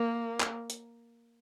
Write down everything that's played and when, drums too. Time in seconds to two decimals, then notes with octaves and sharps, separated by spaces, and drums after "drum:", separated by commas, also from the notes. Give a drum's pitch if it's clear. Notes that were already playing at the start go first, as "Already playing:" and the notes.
Already playing: A#3
0.40 drum: clap
0.70 drum: hi-hat